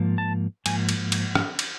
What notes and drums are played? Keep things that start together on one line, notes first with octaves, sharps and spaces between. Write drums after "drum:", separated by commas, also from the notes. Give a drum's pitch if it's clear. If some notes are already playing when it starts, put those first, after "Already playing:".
Already playing: G#2 F3 A#3
A5
G#2 F3 A#3 G#5, drum: cymbal
drum: cymbal
drum: cymbal
drum: rim click
drum: cymbal